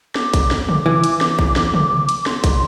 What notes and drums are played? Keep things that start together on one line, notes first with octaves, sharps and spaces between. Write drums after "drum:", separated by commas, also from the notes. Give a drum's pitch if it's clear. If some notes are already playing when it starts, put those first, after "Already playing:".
D6, drum: snare
drum: kick, hi-hat
drum: snare
drum: tom
E3
drum: hi-hat
drum: snare
drum: kick
drum: snare
drum: tom
drum: hi-hat
C6, drum: snare
drum: kick, hi-hat